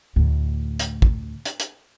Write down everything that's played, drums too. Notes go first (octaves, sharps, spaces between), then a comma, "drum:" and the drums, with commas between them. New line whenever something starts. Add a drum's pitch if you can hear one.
D2 A2
drum: hi-hat
drum: kick
drum: hi-hat
drum: hi-hat